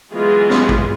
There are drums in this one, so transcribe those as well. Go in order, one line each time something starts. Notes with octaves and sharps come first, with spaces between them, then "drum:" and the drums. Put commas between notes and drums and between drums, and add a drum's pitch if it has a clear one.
E3 F#3 G#3 B3 F4 G#4
drum: snare
drum: kick A1